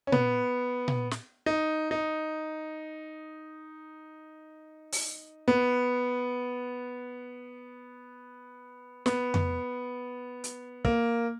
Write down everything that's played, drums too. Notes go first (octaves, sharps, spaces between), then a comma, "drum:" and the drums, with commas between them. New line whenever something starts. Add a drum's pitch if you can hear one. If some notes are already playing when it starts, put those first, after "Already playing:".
C#4
B3, drum: tom A#2
drum: tom A#2
drum: snare
D#4
D#4
drum: open hi-hat
B3
B3, drum: snare
drum: tom F2
drum: hi-hat
A#3, drum: kick